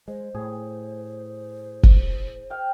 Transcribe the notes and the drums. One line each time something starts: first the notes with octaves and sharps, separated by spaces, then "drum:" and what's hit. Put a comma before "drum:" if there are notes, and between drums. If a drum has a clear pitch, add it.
G#3 C5
A2 G#4
drum: kick
F5 G5